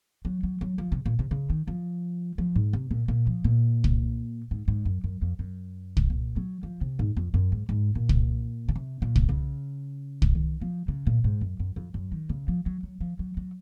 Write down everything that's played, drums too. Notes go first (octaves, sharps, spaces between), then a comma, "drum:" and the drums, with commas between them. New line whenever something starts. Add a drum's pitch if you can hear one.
F#3
F#3
F#3
F3
C3
A#2
C3
C#3
D#3
F3
F3
G#2
C3
A#2
A#2
F3
A#2
drum: kick
G#2
G#2
F#2
F#2
F2
F#2
drum: kick
A#2
F#3
F3
C3
G#2
F2
F#2
G#2
G#2
A#2
drum: kick
C#3
C3
A#2
drum: kick
C#3
drum: kick
D#3
F3
C#3
A#2
G#2
F#2
F#2
F2
F#2
D#3
C#3
F3
F#3
F#3
F3
F#3
F#3